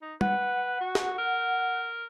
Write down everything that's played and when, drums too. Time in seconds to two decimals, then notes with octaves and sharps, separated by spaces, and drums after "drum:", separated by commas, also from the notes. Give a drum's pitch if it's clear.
0.02 D#4
0.21 B4 F#5, drum: tom G3
0.81 F#4
0.95 drum: snare
1.18 A#4